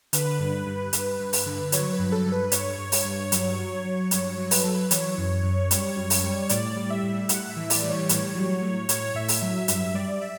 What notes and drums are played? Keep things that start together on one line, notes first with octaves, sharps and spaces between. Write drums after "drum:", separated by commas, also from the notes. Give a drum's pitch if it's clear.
D3 B4, drum: hi-hat
G2
G2
G2, drum: hi-hat
G2
drum: open hi-hat
D3
F#3 C#5, drum: hi-hat
B4
G2
A4
G2
B4
G2 C#5, drum: hi-hat
G2
drum: open hi-hat
G2
F#3, drum: hi-hat
F#3
F#3
G2 C#5, drum: hi-hat
F#3
B4, drum: open hi-hat
F#3 A4
B4
E3 C#5, drum: hi-hat
F#2
F#2
G3, drum: hi-hat
F#2
drum: open hi-hat
G3
C#5
A2 D5, drum: hi-hat
G3
E5
A2
A2 F#5, drum: hi-hat
E5
E3
D5, drum: open hi-hat
G3
C#5
A2, drum: hi-hat
F#3
A2
A2 C#5, drum: hi-hat
A2 E5
drum: open hi-hat
F#3 E5
G2 E5, drum: hi-hat
G3 D5
E5